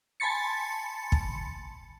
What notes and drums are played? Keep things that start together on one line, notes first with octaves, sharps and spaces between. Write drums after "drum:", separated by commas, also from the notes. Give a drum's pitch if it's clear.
G#5 A5 B5 C6 A6 C#7
drum: kick